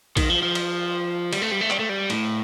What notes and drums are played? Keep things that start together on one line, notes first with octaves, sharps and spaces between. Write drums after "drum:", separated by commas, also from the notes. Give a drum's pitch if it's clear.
D#3, drum: kick, cymbal
F3
F3
drum: cymbal
G3, drum: cymbal
A3
G3
A3
G3, drum: clap
A3
G3
A2, drum: cymbal